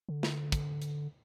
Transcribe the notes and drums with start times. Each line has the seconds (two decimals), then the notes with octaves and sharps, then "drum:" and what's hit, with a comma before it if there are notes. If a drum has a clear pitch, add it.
0.09 D3
0.23 drum: snare
0.52 drum: kick, hi-hat
0.82 drum: hi-hat